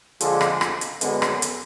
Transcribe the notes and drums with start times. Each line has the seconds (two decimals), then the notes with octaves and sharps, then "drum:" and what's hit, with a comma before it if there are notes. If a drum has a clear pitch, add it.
0.21 D3 F3 G#3, drum: hi-hat
0.41 drum: rim click
0.61 drum: rim click
0.81 drum: hi-hat
1.01 F#2 D3 G#3 B3, drum: hi-hat
1.22 drum: rim click
1.42 drum: hi-hat